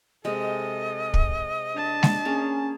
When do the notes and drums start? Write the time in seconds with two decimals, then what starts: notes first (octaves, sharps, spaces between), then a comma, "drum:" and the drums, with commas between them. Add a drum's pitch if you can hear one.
0.25 C3 G#3 A4 D#5
1.14 drum: kick
1.75 D4 A5
2.03 drum: snare G#3
2.25 A#3 C#4 G#4 C#5